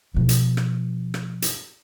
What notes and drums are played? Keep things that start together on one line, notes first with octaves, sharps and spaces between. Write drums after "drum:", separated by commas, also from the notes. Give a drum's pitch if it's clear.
B2 F3
drum: hi-hat
drum: rim click
drum: rim click
drum: hi-hat